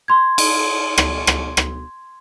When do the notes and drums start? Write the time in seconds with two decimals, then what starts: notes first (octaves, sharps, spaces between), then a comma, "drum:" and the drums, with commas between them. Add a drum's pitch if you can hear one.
0.08 C6 G#6
0.38 drum: cymbal
0.98 drum: rim click
1.27 drum: rim click
1.57 drum: rim click